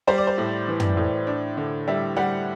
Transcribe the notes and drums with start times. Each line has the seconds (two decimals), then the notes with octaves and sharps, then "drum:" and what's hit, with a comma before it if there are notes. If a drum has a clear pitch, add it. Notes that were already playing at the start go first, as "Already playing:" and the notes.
0.07 G3 C5
0.18 D5
0.27 C5
0.38 A2
0.68 E3
0.80 drum: tom
0.97 A2
1.27 D4
1.57 D3
1.88 G3 E5
2.16 G3 F#5